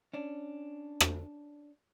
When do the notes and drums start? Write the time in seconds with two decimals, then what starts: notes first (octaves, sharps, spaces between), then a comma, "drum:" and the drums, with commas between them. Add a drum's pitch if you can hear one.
0.13 C#4 D4
1.00 drum: rim click